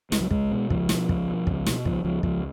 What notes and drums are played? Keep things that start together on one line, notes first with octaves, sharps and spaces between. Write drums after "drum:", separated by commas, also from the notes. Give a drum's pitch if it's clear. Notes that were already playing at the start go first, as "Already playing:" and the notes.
C#2 G#3, drum: snare
F#3
C#2 G#3, drum: kick
B2
C#2 F3, drum: kick
B2, drum: snare
C#2, drum: kick
B2
C#2, drum: kick
B2, drum: snare
C#2 F3, drum: kick
C#2 F3
C#2 F3, drum: kick